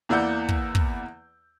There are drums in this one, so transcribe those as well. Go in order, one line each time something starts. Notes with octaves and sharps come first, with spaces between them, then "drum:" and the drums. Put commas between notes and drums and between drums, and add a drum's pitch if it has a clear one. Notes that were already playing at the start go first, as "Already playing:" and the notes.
E2 A#3 E4 D5 F#5 G6
drum: kick
drum: kick